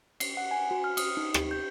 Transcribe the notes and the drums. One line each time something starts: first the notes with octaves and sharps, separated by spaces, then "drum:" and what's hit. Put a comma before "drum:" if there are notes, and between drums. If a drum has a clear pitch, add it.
C7, drum: cymbal
F#5
G#5
F#4
F6
D#6, drum: cymbal
D#4
G4, drum: rim click
G6